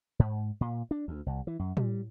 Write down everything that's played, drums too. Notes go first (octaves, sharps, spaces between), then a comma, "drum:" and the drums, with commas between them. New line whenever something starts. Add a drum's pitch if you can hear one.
G#2
A#2
D4
D2
C2
E3
F#2
G3, drum: tom A2